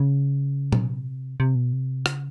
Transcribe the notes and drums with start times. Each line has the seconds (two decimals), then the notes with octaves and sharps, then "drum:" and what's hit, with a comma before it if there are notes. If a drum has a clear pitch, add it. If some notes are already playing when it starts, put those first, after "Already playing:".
Already playing: C#3
0.73 C3, drum: tom A#2
1.40 C3
1.55 B2
1.73 C3
2.06 C#3, drum: rim click